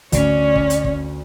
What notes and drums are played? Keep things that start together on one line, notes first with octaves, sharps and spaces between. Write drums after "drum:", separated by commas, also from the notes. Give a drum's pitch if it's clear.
D2 C#4 C#5 D5, drum: kick, hi-hat
drum: kick
drum: hi-hat
drum: kick